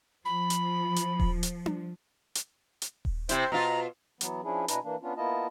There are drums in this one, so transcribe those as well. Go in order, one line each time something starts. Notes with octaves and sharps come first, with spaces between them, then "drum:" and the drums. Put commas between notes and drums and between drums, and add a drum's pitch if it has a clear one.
F3 B5
drum: hi-hat
drum: hi-hat
drum: kick D#1
drum: hi-hat
drum: tom D4
drum: hi-hat
drum: hi-hat
drum: kick D#1
C3 E4 C5, drum: hi-hat
B2 F4 A#5
E3 F#3 B3, drum: hi-hat
F3 C#4 D4 E4 G#4
B2 D4 E4 B4 G#5 A#5, drum: hi-hat
E3 A#3 D4
B3 C#4 D4 F4
A#3 B3 E4 F4 D#5 A5